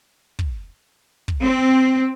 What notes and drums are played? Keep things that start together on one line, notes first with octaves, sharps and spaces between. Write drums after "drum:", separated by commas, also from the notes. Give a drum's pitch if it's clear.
drum: kick
drum: kick
C4